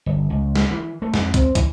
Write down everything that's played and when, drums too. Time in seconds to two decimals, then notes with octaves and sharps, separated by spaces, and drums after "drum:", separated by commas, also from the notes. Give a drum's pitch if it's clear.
0.06 G1
0.30 C#2
0.56 drum: snare
0.71 E3
1.02 A3
1.14 F2, drum: snare
1.34 C4, drum: kick, hi-hat
1.55 E3, drum: kick, hi-hat